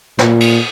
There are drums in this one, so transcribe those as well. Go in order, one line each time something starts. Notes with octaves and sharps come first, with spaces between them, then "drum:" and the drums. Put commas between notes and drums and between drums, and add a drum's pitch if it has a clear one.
A#2, drum: snare
drum: cymbal